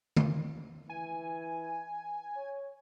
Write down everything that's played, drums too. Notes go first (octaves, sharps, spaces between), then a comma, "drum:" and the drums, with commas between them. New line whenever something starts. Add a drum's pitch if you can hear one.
drum: tom D3
E3 G#5
C#5